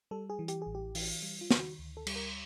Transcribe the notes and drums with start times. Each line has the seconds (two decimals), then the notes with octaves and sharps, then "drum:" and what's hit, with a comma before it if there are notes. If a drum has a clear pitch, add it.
0.11 G3 A4
0.30 G#4
0.39 E3
0.48 G4, drum: hi-hat
0.62 A1 G#4
0.75 G4
0.95 E3, drum: open hi-hat
1.23 G3
1.41 F4
1.51 D#3, drum: snare
1.60 F#4
1.79 D2
1.97 A4
2.07 G3, drum: cymbal
2.16 A#4